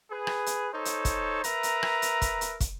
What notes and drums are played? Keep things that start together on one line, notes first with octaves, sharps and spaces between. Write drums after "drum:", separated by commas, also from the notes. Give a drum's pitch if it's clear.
G#4 B4
drum: rim click
drum: hi-hat
D#4 A4 C5 C#5
drum: hi-hat
drum: kick, hi-hat
A#4 B4 E5 A#5, drum: hi-hat
drum: hi-hat
drum: rim click
drum: hi-hat
drum: kick, hi-hat
drum: hi-hat
drum: kick, hi-hat